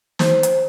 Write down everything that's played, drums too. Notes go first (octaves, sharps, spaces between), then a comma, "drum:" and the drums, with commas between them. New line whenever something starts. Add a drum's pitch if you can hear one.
C5, drum: snare
drum: hi-hat